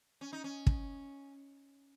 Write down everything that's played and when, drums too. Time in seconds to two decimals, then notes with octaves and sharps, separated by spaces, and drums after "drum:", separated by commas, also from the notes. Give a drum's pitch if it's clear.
0.21 C#4
0.33 D#4
0.44 C#4
0.67 drum: kick